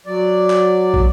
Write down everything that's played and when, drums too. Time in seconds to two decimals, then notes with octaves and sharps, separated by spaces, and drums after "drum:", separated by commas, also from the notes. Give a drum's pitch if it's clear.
0.06 F#3 D5
0.50 drum: clap
0.94 drum: kick